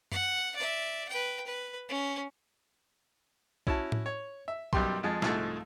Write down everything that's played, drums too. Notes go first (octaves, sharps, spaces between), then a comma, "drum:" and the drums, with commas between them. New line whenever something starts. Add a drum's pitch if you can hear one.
F#5, drum: tom F#2
D5 E5
B4 G5
B4
C#4
C#4 E4 F#4 A5, drum: kick B1
drum: tom A2
C#5
E5
B1 F#2 G3 G4 C6, drum: kick B1
F2 F3 G#3
C2 G#2 F3 G#3 A3, drum: snare